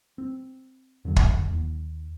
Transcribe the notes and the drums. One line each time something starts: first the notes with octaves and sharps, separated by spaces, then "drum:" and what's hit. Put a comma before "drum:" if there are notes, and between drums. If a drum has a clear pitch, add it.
C4
F2 D3 F#3
drum: kick
D#2